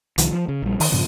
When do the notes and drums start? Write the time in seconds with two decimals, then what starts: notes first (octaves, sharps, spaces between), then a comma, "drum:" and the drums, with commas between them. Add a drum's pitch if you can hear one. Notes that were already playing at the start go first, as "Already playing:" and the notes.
0.18 C2 D#3 F3, drum: hi-hat
0.32 F3
0.48 C#3
0.62 A#1 G3
0.80 D#3, drum: open hi-hat
0.92 G2 A#2 C#3 F3